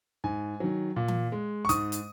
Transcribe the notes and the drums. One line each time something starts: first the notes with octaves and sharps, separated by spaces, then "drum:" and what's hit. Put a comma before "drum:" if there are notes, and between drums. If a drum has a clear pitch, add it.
G#2 G#5
D#3 F#3
A#2
drum: tom E3
G#3
C#6
G#2 D#6, drum: hi-hat
drum: hi-hat